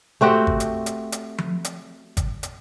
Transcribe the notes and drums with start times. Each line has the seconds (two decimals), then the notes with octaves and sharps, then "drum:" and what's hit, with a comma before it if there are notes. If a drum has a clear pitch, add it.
0.21 A3 C4 F#4 G4
0.47 drum: kick
0.60 drum: hi-hat
0.86 drum: hi-hat
1.12 drum: hi-hat
1.38 drum: tom F3
1.65 drum: hi-hat
2.17 drum: kick, hi-hat
2.43 drum: hi-hat